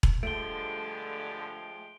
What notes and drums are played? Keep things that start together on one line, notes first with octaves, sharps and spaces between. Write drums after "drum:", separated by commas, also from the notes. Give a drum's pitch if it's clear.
drum: kick E1
G2 D3 F3 G#3 A3 G4 D7 G7